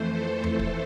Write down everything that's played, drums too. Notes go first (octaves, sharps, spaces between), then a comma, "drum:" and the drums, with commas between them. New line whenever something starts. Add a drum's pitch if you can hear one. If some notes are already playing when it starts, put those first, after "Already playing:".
Already playing: F2 E3 A3 C5
A4
C5, drum: tom E2
drum: kick